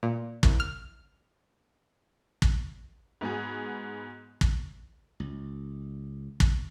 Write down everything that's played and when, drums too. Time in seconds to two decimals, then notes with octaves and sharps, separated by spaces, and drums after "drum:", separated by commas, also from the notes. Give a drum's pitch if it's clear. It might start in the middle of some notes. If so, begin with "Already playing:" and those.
0.03 A#2
0.43 C2, drum: kick
0.60 F6
2.42 drum: kick
3.21 G#2 B3 F#4 G#4
4.41 drum: kick
5.20 C#2
6.40 drum: kick